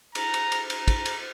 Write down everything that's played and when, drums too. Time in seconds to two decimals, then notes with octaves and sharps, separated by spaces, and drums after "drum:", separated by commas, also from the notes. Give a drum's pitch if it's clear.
0.15 A#5, drum: cymbal
0.34 drum: cymbal
0.52 drum: cymbal
0.70 A#5, drum: cymbal
0.88 drum: kick, cymbal
1.06 drum: cymbal